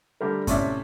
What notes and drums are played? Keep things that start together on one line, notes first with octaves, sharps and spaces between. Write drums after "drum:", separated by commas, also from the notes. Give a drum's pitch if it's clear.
D3 G3 A3 A#4
A2 C3 C#4 D5 E5, drum: kick F#2, hi-hat